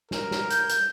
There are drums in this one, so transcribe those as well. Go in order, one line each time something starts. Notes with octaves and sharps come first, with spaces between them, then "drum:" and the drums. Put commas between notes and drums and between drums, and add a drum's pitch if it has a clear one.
A#4, drum: snare
drum: snare
G6, drum: hi-hat
drum: hi-hat